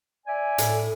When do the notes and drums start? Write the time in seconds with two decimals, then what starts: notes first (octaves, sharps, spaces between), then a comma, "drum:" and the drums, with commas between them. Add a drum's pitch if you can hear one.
0.27 D5 E5 G#5
0.58 A2, drum: hi-hat